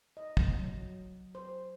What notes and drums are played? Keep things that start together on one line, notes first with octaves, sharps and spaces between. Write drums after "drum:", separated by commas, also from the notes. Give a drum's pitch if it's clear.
D#5
drum: kick
F#3
C5